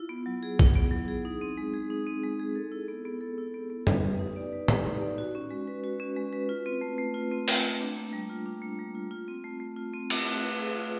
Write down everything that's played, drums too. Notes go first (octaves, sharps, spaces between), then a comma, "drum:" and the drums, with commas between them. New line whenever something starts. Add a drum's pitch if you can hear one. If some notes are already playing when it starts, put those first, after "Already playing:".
Already playing: E4 F4
B3
F#3
G#4
E4, drum: kick
B3
F#3
G#4
D#4
C4
G#3
G#4
D#4
C4
G#3
G#4
A4
E4
B3
B3
A4
E4
B3
B3
B4, drum: tom
G4
D#4
D5
B4
G4, drum: tom
D#4
D5
F#4
C#4
G#3
B4
F#4
C#4
G#3
B4
F4
C4
A3
A3
F4
C4
A3, drum: open hi-hat
A3
D4
A#3
G3
F4
D4
A#3
G3
F4
F4
C4
A3
A3
F4
C4
A3, drum: cymbal
A3
B4
G#4
F4